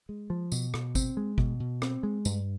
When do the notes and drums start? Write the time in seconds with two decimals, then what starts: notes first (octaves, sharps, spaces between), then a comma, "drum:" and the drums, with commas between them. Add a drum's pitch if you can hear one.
0.09 G#3
0.30 F3
0.52 B2, drum: tambourine
0.74 B2, drum: rim click
0.95 C4, drum: kick, tambourine
1.17 G#3
1.38 B2, drum: kick
1.60 B2
1.82 C4, drum: rim click
2.03 G#3
2.25 G2, drum: tambourine